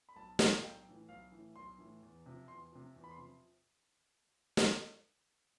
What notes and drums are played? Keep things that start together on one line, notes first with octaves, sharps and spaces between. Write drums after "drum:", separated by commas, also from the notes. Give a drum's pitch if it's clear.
B5
B1 A5
A2 E3, drum: snare
F5
B1 G5
A2 E3
B1 F5
A2 E3
B1 C6
A2 E3
E2
C3 F3
E2 C6
C3 F3
E2
B5
C6
C3 F3
drum: snare